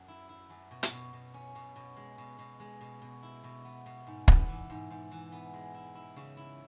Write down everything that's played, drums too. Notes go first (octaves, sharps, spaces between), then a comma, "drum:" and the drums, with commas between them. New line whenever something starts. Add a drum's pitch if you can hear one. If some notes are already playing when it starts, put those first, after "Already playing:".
Already playing: F#2
E4
E4
F#2
B2
drum: hi-hat
B2
B2
C#4
B2
B2
G#3
B2
B2
G#3
B2
B2
E4
B2
B3
B2
G#2
B3, drum: kick
E3
G#2
G#2
E3
B3
G#3
E4
E4
C#3
E4